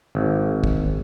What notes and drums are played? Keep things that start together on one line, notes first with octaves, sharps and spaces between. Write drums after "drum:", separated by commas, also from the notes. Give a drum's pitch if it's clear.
G#1
drum: kick